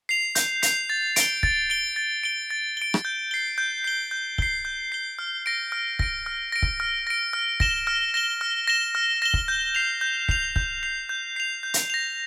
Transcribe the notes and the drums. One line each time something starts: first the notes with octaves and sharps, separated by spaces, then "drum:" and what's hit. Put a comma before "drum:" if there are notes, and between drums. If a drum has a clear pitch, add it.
C7 F7
G6, drum: hi-hat
C7 F7, drum: hi-hat
A6
D7 G7, drum: hi-hat
A6, drum: kick
D7 G7
A6
D7 G7
A6
D7 G7
drum: rim click
G6
C7 G7
G6
C7 G7
G6
C7 G7, drum: kick
G6
C7 G7
F6
A#6 D7
F6
A#6 D7, drum: kick
F6
A#6 D7
drum: kick
F6
A#6 D7
F6
A#6 E7 G7, drum: kick
F6
A#6 E7 G7
F6
A#6 E7 G7
F6
A#6 E7 G7
drum: kick
G6
C7 F7
G6
C7 F7, drum: kick
G6, drum: kick
C7 F7
G6
C7 F7
G6
drum: hi-hat
A#6 F7